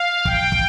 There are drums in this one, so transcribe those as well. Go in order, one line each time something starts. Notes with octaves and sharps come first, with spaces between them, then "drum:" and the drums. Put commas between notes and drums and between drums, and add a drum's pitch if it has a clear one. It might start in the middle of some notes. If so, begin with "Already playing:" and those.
Already playing: F5
G5, drum: kick
drum: kick